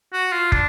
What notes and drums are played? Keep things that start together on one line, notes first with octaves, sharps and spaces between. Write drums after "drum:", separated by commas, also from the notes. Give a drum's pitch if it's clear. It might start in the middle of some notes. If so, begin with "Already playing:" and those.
F#4
F4
D4, drum: kick